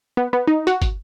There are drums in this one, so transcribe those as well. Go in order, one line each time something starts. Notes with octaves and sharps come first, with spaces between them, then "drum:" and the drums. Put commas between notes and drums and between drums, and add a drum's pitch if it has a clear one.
B3
B3
D#4
F#4, drum: hi-hat
drum: kick, hi-hat